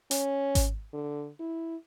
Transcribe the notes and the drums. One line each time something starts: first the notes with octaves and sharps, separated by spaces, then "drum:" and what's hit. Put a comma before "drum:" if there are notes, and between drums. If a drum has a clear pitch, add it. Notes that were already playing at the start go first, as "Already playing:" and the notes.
C#4, drum: hi-hat
drum: kick G#1, hi-hat
D3
E4